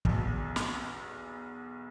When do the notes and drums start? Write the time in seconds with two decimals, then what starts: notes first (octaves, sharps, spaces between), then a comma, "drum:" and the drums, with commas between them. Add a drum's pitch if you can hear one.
0.05 B1 E2, drum: kick
0.56 drum: snare